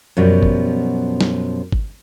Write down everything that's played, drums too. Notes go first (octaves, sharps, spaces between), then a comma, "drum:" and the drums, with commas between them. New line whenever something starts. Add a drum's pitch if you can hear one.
F#2 B2 F3 G3
drum: kick G1
drum: snare
drum: kick G1